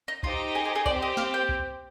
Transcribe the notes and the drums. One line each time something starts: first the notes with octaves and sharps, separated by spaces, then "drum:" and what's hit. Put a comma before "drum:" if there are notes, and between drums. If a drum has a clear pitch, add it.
D#4
D#4 F4 G4 C5 D#5, drum: kick B1
G#4
G#4
G#4
C4 G4 C5 D5, drum: kick B1
D#5
F5, drum: snare
G5
drum: kick B1